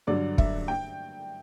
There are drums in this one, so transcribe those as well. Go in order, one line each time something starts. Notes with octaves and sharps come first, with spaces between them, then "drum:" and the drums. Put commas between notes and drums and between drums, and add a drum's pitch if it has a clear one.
G2 D3 F#3 D5
E5, drum: kick
G5